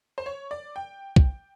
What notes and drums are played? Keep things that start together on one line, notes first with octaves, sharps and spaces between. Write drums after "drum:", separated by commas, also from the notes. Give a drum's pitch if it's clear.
C5
C#5
D5
G5
drum: kick